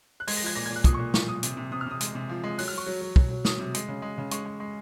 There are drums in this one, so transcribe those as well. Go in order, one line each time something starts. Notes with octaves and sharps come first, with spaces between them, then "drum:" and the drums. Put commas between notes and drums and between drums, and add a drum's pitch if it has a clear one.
F#6
G#3 G#6, drum: open hi-hat
A#6
F3 G#6
A#2 A#6
G#6
A#2
F#6
A#2 D#6, drum: kick, hi-hat
C#6
A#2
F3 C#6, drum: snare
A#2 D#6
C3, drum: hi-hat
C3
C3 D#6
F6
C3 D#6
G#3, drum: hi-hat
C3
F3
G#3
F#3 F#6, drum: open hi-hat
F6
F#3
C#6
F#3
F#3
F#3, drum: kick
F#3
F#3 D#6, drum: snare
C3
G#3, drum: hi-hat
C#3
G#3
C#3
G#3 C#6, drum: hi-hat
G#3
G#3